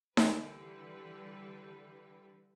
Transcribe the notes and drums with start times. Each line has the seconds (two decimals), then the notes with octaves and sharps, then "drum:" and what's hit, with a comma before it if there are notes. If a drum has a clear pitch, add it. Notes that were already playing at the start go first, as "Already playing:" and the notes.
0.17 D3 E3 G3 B4, drum: snare D#4